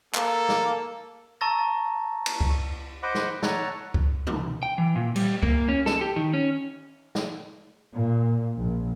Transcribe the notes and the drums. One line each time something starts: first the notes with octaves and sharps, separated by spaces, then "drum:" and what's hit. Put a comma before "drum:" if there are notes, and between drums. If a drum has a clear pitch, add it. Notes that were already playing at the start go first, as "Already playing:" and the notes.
A#3 A4, drum: clap
drum: snare
A5 A#5 C#6 E6 A6 A#6
drum: cymbal
drum: kick C#2
C5 D#5 F#5 B5 D6
drum: snare
C#5 F#5 A5 A#5 E6, drum: snare
drum: kick C#2
drum: tom
G5
E3
A#2
G3, drum: cymbal
A#3, drum: kick C#2
C#4
A4, drum: snare
G4
D#3
C#4
drum: snare
A#2
A#1